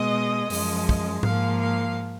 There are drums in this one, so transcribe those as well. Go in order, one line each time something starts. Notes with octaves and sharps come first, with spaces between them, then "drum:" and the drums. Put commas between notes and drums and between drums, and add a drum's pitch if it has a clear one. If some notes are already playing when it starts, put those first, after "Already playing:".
Already playing: B2 G#3 D#5
F#2 F3 G#3, drum: open hi-hat
drum: kick
G#2 F3 A#3 F5, drum: tom G#2
F5